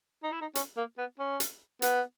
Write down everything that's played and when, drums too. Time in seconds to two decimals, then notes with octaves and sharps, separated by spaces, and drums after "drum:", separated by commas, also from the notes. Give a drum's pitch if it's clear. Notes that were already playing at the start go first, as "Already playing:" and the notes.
0.23 D#4
0.32 E4
0.41 D#4
0.55 C#4, drum: hi-hat
0.77 A#3
0.98 B3
1.19 C#4
1.40 drum: hi-hat
1.82 B3, drum: hi-hat